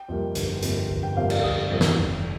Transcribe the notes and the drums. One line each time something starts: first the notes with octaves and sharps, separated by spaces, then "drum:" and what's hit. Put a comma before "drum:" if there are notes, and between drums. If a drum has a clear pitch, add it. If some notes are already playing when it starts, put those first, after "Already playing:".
Already playing: G5
F2 C3 G3 A#3
G1, drum: hi-hat
F2 C3 G3 A#3, drum: hi-hat
G1
G5
F2 C3 G3 A#3 F5
F5, drum: cymbal
G1 D#6
F2 C3 G3 A#3
drum: snare
F1